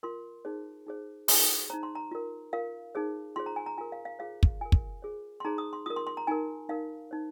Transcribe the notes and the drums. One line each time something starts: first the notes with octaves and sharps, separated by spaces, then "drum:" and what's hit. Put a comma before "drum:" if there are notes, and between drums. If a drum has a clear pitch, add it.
F4 A#4 C6
D#4 G#4 C5
D#4 G#4 C5
D#4 G#4 C5 C6, drum: open hi-hat
D#4 C5 A#5
C6
A#5
F4 A#4
F4 A#4 F5
D#4 G#4 C5
F4 G#4 C5 C6
A#5
G#5
A#5
F4 A#4 G#5
F5
F5
F4 G#4 C5 F5
drum: kick
F4 A#4 G#5
drum: kick
F4 G#4 C5
C6
D#4 G#4 C5 A#5
D#6
C6
F4 A#4 D#6
C6
C6
A#5
D#4 A#4 G#5
D#4 A#4 F5
D#4 C5